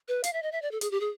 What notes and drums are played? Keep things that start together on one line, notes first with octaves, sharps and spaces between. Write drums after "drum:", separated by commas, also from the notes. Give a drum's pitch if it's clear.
B4
F5, drum: hi-hat
E5
D#5
E5
D5
A4
G#4, drum: hi-hat
G4
G#4